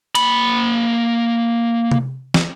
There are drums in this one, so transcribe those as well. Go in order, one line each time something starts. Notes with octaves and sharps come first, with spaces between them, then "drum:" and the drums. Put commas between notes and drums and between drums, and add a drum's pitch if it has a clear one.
A#3 B5, drum: cymbal
drum: tom C3
drum: snare